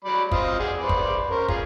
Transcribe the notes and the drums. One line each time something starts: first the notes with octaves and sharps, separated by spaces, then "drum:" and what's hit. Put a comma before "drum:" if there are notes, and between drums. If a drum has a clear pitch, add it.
F#3 D5 B5
C4 F4 D#5, drum: kick
G#4 D5 F#5
B4 C5 D5
drum: kick
C#4 A#4 C5
F4 G#4, drum: kick